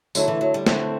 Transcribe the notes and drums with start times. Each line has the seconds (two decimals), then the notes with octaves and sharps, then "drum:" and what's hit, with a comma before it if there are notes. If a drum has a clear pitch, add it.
0.15 D3 F#3 A3 E4, drum: tambourine
0.28 E3
0.41 F#3
0.54 G3
0.67 D3 A3 C4 E4, drum: snare